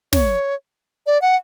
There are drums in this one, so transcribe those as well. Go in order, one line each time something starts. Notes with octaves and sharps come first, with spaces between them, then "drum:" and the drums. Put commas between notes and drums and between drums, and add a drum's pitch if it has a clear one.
C#5, drum: snare
D5
F#5